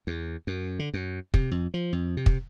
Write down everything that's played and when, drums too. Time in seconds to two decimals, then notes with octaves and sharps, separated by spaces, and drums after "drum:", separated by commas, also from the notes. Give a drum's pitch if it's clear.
0.07 E2
0.47 F#2
0.79 D3
0.94 F#2
1.34 C3, drum: kick
1.51 F2
1.74 F3
1.93 F2
2.17 C3
2.26 drum: kick